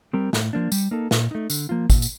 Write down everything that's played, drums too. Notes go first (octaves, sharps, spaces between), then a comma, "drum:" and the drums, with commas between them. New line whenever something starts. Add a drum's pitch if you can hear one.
G3 C4 G4 A#4
A2, drum: snare
F3 A#3 D4
G3, drum: tambourine
A#3 D#4 A4
A#2, drum: snare
A3 D#4
D3, drum: tambourine
F3 A#3 F4
A#2, drum: kick, tambourine
drum: tambourine